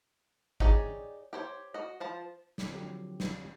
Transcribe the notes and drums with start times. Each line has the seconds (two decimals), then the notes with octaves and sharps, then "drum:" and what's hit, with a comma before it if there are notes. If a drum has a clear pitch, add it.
0.60 D#4 G4 G#4 C#5 D5, drum: kick G#1
1.33 G4 C5 C#5
1.74 F#4 D#5
2.00 F3 C5 A5
2.58 drum: snare
2.69 D3 F3 F#3 C4 G4
3.20 drum: snare